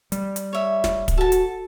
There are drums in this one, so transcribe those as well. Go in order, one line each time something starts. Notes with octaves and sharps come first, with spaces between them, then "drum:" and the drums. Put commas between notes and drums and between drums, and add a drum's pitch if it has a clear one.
G3, drum: hi-hat
drum: hi-hat
C#5 E5
drum: snare
drum: kick, hi-hat
F#4 A4 A5
drum: hi-hat